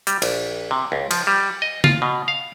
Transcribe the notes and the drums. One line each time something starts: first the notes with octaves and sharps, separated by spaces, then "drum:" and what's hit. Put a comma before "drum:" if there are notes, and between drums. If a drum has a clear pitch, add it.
G3, drum: hi-hat
A#1, drum: cymbal
C3
C#2
F3, drum: cymbal
G3
D#5
F4, drum: tom C#3
B2
F5